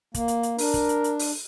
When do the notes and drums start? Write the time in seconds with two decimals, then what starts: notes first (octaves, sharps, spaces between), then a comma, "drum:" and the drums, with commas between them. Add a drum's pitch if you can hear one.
0.14 A#3, drum: kick, hi-hat
0.28 drum: hi-hat
0.43 drum: hi-hat
0.58 D4 A#4, drum: open hi-hat
0.74 drum: kick, hi-hat
0.89 drum: hi-hat
1.04 drum: hi-hat
1.19 drum: open hi-hat